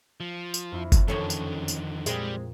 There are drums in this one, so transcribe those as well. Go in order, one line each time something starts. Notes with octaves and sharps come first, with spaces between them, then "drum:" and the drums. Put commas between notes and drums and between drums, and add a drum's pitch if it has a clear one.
F3
drum: tambourine
F2 E4
drum: kick F#1, tambourine
F#2 D3 D#3 C#4 A4
drum: tambourine
drum: tambourine
A#2 G3 G#3 C4, drum: tambourine